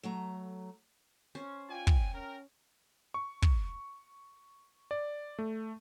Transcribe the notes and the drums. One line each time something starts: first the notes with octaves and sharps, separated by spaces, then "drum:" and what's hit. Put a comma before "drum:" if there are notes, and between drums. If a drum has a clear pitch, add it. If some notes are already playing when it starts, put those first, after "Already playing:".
F#3 A3 A#5
C#4 C5
F4 D5 G5 G#5
drum: kick
C#4 A#4
C#6
drum: kick
D5
A3